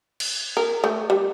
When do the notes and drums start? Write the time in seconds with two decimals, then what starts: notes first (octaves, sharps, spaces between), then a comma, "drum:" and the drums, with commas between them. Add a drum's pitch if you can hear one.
0.20 drum: cymbal
0.57 A#4
0.84 A3
1.10 G3